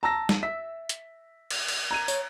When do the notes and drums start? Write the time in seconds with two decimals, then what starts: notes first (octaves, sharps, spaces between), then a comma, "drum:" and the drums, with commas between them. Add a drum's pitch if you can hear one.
0.03 A5 A#5 E6 A#6
0.29 drum: snare
0.43 E5 B6
0.89 drum: hi-hat
1.50 drum: cymbal
1.68 drum: cymbal
1.91 A#5 G#6 D#7
2.08 C#5, drum: tambourine